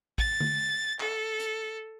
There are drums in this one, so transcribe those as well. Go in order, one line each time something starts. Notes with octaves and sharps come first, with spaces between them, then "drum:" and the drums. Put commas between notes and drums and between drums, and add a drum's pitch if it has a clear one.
A6, drum: kick
drum: tom D3
A4, drum: clap
drum: hi-hat